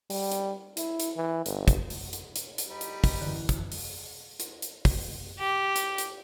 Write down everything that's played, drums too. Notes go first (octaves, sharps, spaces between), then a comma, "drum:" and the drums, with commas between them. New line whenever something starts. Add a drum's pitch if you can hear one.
G3, drum: open hi-hat
drum: hi-hat
E4, drum: hi-hat
drum: hi-hat
E3
G1, drum: hi-hat
drum: kick, hi-hat
drum: open hi-hat
drum: hi-hat
drum: hi-hat
drum: hi-hat
G3 D#4 B5
drum: hi-hat
drum: kick, open hi-hat
F#2 D3 E3
drum: kick, hi-hat
drum: open hi-hat
drum: hi-hat
drum: hi-hat
drum: kick, open hi-hat
G4
drum: hi-hat
drum: hi-hat